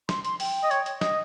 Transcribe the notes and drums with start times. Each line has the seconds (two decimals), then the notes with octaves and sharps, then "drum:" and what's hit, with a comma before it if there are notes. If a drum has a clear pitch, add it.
0.09 C6, drum: snare
0.25 C6, drum: hi-hat
0.40 G5, drum: open hi-hat
0.63 D#5
0.71 C#5, drum: hi-hat
0.86 drum: hi-hat
1.01 D#5, drum: snare